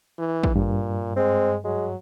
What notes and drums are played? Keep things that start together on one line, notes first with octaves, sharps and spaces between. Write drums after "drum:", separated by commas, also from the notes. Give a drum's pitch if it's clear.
E3
drum: kick
G2 A#2
G#3 C4
F#3 G#3